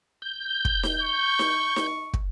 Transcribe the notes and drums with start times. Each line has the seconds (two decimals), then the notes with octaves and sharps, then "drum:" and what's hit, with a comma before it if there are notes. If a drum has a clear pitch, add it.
0.22 G6
0.65 drum: kick
0.83 drum: snare D#4
1.02 C#6
1.39 drum: snare D#4
1.76 drum: snare D#4
2.14 drum: kick